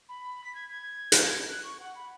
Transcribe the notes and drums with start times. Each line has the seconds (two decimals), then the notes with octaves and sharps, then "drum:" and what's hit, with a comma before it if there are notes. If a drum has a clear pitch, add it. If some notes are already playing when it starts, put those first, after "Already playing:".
0.09 B5
0.44 B6
0.55 G#6
0.70 G#6
1.12 drum: hi-hat
1.48 F#6
1.63 C#6
1.80 F#5
1.95 B5